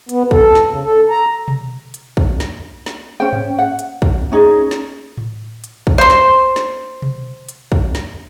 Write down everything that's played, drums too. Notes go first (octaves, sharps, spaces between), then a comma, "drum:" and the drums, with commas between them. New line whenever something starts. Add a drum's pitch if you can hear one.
B3, drum: hi-hat
A4, drum: kick
drum: snare
C#3
A4
A#5
drum: tom B2
drum: hi-hat
drum: kick
drum: snare
drum: snare
C#4 C5 G5
drum: tom G#2
F#5
drum: hi-hat
drum: kick
C#4 D#4 G#4 D#5
drum: snare
drum: tom A2
drum: hi-hat
drum: kick
C5 C6
drum: snare
drum: snare
drum: tom B2
drum: hi-hat
drum: kick
drum: snare